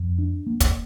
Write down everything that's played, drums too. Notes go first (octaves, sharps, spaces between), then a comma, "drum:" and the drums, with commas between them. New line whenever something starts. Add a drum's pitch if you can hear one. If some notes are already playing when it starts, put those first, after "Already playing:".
Already playing: F2
D4
A#3
drum: kick, hi-hat